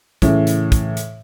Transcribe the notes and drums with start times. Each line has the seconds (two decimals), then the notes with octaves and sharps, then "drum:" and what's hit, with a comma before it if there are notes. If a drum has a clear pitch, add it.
0.22 A2 C#3 E3, drum: kick, hi-hat
0.47 drum: hi-hat
0.72 drum: kick, hi-hat
0.97 drum: hi-hat